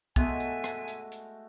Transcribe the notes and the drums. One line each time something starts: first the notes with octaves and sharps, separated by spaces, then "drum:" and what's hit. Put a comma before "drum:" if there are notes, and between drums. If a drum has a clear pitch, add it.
G#3 A3 B3 F#4 E5 G#5 A5, drum: kick, hi-hat
drum: hi-hat
drum: rim click
drum: hi-hat
drum: hi-hat